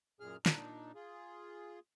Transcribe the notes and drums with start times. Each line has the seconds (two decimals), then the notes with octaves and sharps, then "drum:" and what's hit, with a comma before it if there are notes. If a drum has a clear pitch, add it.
0.20 F#2 A#2 G#4 F6
0.46 A#2 D4 D#4, drum: snare
0.95 F4 G#4